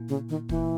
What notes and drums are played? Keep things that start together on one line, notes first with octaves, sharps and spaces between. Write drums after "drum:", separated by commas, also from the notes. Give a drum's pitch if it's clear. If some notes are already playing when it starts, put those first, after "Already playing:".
Already playing: A#2 A#3 E4
C#3
D#3
A#2 E3 A#3 E4, drum: kick